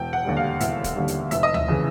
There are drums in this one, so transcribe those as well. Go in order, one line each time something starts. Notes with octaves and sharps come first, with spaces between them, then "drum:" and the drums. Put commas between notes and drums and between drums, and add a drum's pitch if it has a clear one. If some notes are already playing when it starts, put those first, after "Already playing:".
Already playing: E1 G5
F#5
D#2 D3 G3
F5
E1 E5, drum: hi-hat
drum: kick, hi-hat
D#2 D3 G3
drum: hi-hat
F1 E5, drum: hi-hat
D#5
E5, drum: tom D2
C#3 E3